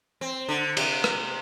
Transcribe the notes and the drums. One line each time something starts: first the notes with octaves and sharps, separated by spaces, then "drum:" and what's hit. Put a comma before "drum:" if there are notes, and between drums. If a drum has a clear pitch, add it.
C4
D3
C3, drum: cymbal
drum: rim click